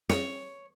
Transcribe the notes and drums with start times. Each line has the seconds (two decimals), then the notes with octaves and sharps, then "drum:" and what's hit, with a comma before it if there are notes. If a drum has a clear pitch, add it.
0.09 C#5, drum: snare